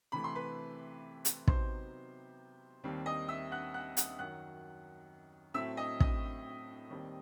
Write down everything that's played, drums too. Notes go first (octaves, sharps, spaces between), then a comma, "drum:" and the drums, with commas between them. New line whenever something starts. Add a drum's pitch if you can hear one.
C3 E3 A3 B5
C6
B4 B5
drum: hi-hat
C3 F#3 B3 D#4 C5 C6, drum: kick
D#2 D#3 G3 C4
D#5 D#6
E5 E6
F#5 F#6
F#5 F#6
F#5 F#6, drum: hi-hat
F#2 D#3 F#3 F#5 F#6
A2 F#3 A3 C4 E5 E6
D#5 D#6
D#5 D#6, drum: kick
D#2 D#3 G3 C4